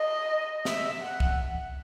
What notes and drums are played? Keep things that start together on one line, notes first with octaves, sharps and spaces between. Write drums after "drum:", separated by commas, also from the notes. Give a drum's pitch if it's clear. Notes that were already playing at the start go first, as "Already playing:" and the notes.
Already playing: D#5
E5, drum: snare
F#5
drum: kick C2